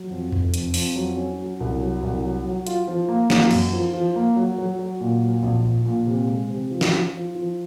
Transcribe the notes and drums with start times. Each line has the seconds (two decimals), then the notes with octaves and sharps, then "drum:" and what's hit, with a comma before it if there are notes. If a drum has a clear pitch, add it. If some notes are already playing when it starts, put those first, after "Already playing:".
Already playing: F#3
0.10 F2
0.32 F1, drum: tom E2
0.54 F2, drum: hi-hat
0.74 F2, drum: open hi-hat
0.96 F#3
1.16 C#4
1.39 F#3
1.60 C2
1.80 F#3
2.03 C2
2.23 F#3
2.44 F#3
2.67 F4, drum: hi-hat
2.87 F3
3.08 A#3
3.30 A#3, drum: snare
3.51 F#2, drum: cymbal
3.72 F3
3.93 F3
4.16 A#3
4.36 F#3
4.58 F#3
4.79 F#3
5.01 A#2
5.21 F#3
5.43 A#1
5.64 A#1
5.86 A#2
6.06 C3
6.28 G#3
6.49 C3
6.71 F3
6.81 drum: snare
6.92 F3
7.13 F3
7.35 F3